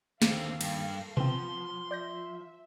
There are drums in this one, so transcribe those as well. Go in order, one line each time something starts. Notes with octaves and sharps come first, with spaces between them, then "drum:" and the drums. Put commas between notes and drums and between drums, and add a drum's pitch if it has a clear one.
D#2 D3 C4 A4 A#4 F5, drum: snare
G2, drum: cymbal
E3 F3 B3 C4 C6, drum: tom B2
D5 E5 G6 A#6